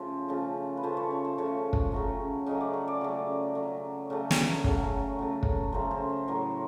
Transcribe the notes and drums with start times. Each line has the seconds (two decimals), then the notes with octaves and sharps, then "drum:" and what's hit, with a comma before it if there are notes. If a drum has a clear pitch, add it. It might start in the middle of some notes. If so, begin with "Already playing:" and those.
Already playing: C#3 F3 A3 C5
0.29 C#3 F3 A3
0.77 B4
0.83 C#3 F3 A3 C5
0.97 C#5
1.10 C#5
1.25 C5
1.38 C#3 F3 A3 C#5
1.73 drum: kick
1.92 C#3 F#3 A3
2.46 C#3 F#3 A3 D#5
2.61 D5
2.74 C#5
2.88 D5
3.01 C#3 F#3 A3
3.55 C#3 F#3 A3
4.10 C#3 F#3 A3
4.31 drum: snare
4.64 C#3 F#3 A3, drum: kick
5.19 C#3 F#3 A3
5.43 drum: kick
5.72 C#3 F#3 A3 C5
5.91 C5
6.10 C5
6.28 A2 F#3 A3 A#4